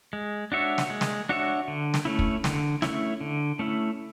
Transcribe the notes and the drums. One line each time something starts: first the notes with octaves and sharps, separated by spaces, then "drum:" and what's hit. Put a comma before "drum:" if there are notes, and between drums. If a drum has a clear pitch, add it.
G#3
D4 F#4 C#5 E5
drum: snare
G#3
drum: snare
D4 F#4 C#5 E5
D3
drum: snare
A3 C#4 E4
drum: kick
D3, drum: snare
A3 C#4 E4, drum: snare
D3
A3 C#4 E4